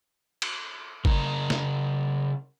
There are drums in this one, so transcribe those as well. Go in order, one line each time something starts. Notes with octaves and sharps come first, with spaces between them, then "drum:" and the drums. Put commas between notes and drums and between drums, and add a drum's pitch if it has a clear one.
drum: cymbal
C#3 A#4, drum: kick
drum: snare